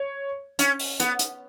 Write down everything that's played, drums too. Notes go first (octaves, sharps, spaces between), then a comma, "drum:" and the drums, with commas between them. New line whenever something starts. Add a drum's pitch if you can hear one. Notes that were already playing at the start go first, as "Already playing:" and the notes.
Already playing: C#5
C#4, drum: hi-hat
drum: open hi-hat
B3, drum: hi-hat
drum: hi-hat